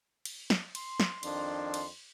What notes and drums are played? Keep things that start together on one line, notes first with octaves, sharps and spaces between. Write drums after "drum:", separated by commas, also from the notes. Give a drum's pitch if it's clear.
drum: cymbal
drum: snare
C6, drum: cymbal
drum: snare
F2 D#3 D4, drum: cymbal
drum: cymbal